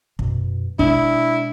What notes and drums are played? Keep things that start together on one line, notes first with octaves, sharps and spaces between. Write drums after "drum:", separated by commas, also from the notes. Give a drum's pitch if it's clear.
F#2 B2, drum: kick
B2 G#3 D4 E4, drum: kick